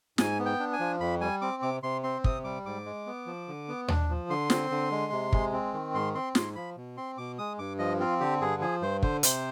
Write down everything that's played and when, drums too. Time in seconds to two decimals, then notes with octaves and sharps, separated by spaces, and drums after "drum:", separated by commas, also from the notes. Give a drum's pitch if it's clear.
0.18 G#2 G#5, drum: snare
0.39 B3
0.46 G5
0.60 D4
0.73 G#5
0.80 F3
1.00 F2 B5
1.21 G3 G#5
1.41 C4 D6
1.62 C3 D6
1.83 C3 C6
2.03 C4 C6
2.24 C3 D#6, drum: kick
2.44 G3 D6
2.66 G#2 D6
2.85 G#3
3.07 B3
3.26 F3
3.48 D3
3.68 B3
3.88 D4, drum: tom D#2
4.10 F3
4.30 D3 C6
4.50 C4, drum: snare
4.71 D3
4.91 G#3
5.12 C3
5.33 G#3, drum: kick
5.53 C4
5.74 D#3
5.94 G#2 C6
6.15 C4 C6
6.35 G#2 C6, drum: snare
6.56 F3 B5
6.77 B2
6.97 C4 C6
7.18 B2 D6
7.38 G#3 D#6
7.59 G2 D6
7.79 F3 D#5
8.00 C4 F4
8.20 D3 G4
8.41 G2 G#4
8.61 F3 G#4
8.82 G2 C5
9.03 D3 C5, drum: kick
9.23 C3 C5, drum: hi-hat